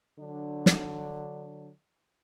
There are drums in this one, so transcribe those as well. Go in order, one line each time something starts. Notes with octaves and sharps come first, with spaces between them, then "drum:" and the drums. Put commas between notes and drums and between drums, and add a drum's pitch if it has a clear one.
D3 F#3 D4
drum: snare